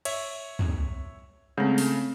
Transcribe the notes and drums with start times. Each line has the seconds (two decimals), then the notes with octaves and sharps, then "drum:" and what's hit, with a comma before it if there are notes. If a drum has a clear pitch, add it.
0.05 C#5 E5, drum: cymbal
0.59 drum: tom
1.58 C#3 G#3 A3 C4
1.78 drum: open hi-hat